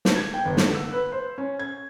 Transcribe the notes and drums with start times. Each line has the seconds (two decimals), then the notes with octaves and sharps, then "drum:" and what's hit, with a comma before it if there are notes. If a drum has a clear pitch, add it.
0.05 drum: snare
0.16 G#6
0.34 G5
0.45 G1
0.57 D3, drum: snare
0.74 E6
0.92 B4
1.12 C5
1.38 C#4
1.59 G#6